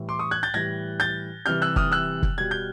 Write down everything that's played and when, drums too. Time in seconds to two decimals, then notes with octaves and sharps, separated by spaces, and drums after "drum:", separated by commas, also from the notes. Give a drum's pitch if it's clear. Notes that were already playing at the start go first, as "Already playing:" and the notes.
Already playing: A2 E3 G3
0.09 C6 D6
0.19 C#6 D#6
0.31 F#6 G#6
0.43 G6 A6
0.54 A2 E3 G3 G#6 A#6
1.00 G6 A6
1.46 C3 E3 G3 F6 G6
1.62 E6 F#6
1.76 D#6 F6, drum: kick
1.92 E6 F#6
2.23 drum: kick
2.38 B2 G3 G#6
2.51 G6